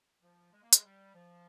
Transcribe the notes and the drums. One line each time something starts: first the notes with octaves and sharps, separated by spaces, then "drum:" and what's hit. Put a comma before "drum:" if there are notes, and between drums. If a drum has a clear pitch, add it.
F3
G#3
A#3
G#3, drum: hi-hat
G3
F3